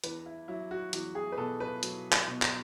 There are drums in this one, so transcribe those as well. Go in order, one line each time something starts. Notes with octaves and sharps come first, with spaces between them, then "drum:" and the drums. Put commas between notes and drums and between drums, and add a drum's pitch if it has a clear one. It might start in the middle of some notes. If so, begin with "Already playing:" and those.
E2 B4, drum: hi-hat
E4
F#3 E4
F#4
E2 F#4, drum: hi-hat
G#4
B4
B2 A4
B4
F#3, drum: hi-hat
drum: clap
B2
drum: clap